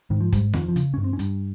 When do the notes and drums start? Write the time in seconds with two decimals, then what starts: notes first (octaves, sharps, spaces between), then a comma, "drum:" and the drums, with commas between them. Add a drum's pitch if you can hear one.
0.10 G#2 D#3
0.20 F3
0.33 G#2 G3, drum: kick, hi-hat
0.54 F2 D#3, drum: snare F4
0.68 F3
0.76 C#3, drum: hi-hat
0.94 G2 C#4
1.04 C4
1.13 C#4
1.19 G2, drum: hi-hat